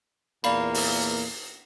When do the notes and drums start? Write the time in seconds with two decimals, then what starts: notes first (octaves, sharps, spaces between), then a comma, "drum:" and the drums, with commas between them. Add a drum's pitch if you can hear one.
0.44 E2 A#2 A#3 D5 F5 B5, drum: cymbal
0.74 drum: open hi-hat